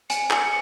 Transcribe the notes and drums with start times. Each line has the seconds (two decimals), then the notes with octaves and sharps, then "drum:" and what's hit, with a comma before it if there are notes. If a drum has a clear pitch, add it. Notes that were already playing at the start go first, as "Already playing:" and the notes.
0.10 G#5 C#7, drum: hi-hat
0.31 drum: clap